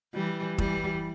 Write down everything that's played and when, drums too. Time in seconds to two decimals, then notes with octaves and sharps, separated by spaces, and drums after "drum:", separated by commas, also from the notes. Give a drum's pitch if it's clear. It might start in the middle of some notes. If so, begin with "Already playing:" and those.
0.14 E3 G3
0.58 E3 G3, drum: kick